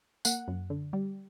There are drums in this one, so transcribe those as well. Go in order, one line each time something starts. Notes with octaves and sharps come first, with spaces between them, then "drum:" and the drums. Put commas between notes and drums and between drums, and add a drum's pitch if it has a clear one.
A#3 F#5, drum: tambourine
F#2
D3
G3